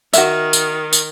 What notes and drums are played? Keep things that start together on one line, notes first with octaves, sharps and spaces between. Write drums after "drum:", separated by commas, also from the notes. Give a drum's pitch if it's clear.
D#3 F#4 E5, drum: tambourine
drum: tambourine
drum: tambourine